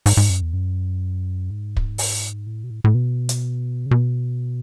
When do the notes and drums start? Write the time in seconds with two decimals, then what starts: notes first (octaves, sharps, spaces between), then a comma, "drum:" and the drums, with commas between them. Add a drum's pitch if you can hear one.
0.06 G#2, drum: open hi-hat
0.17 G#2
0.30 F#2
0.42 E2
0.54 F#2
1.50 G#2
1.77 drum: kick
1.98 drum: open hi-hat
2.47 A2
2.64 B2
2.70 A2
2.84 A2
2.95 B2
3.29 drum: hi-hat
3.86 C#3
3.91 B2